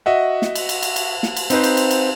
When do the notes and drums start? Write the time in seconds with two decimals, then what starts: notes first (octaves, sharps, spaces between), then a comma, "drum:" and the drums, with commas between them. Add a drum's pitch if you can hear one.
0.06 F#4 D#5 E5 F#5
0.42 drum: snare
0.55 drum: cymbal
0.69 drum: cymbal
0.82 drum: cymbal
0.96 drum: cymbal
1.23 drum: snare
1.37 drum: cymbal
1.50 C4 D#4 B4 C5, drum: cymbal
1.64 drum: cymbal
1.77 drum: cymbal
1.91 drum: cymbal